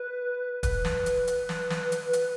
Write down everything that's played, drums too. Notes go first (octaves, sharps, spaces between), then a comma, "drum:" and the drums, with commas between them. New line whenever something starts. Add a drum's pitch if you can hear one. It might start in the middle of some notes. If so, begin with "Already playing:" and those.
Already playing: B4
B4, drum: kick, hi-hat
drum: snare
drum: hi-hat
drum: hi-hat
drum: snare
drum: snare
drum: hi-hat
drum: hi-hat